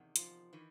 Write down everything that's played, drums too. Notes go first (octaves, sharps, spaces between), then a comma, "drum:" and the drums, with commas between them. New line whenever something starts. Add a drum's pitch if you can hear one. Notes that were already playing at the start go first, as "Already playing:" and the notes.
Already playing: E2 C3 D#3
F3, drum: hi-hat
D#3 E3